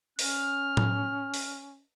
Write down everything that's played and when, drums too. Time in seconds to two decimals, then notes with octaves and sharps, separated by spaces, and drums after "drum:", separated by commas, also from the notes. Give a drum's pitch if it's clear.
0.19 C#4 F6, drum: open hi-hat
0.77 drum: tom A2
1.34 drum: open hi-hat